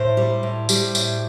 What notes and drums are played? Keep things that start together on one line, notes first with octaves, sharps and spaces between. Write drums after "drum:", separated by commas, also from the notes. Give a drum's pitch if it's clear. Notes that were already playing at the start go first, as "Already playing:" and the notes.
Already playing: A2 C5
G3
A2
G3, drum: tambourine
A2, drum: tambourine